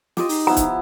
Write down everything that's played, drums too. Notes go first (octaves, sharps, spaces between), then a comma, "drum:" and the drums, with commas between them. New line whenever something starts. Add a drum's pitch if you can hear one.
F4 G4 D#5, drum: snare
D#4, drum: open hi-hat
F3 B3 E4 A#5
drum: kick C#1, hi-hat